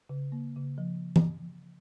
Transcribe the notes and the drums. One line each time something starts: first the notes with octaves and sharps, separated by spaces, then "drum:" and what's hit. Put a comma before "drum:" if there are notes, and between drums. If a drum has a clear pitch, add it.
C#3
A#3
C#3
F3
drum: tom E3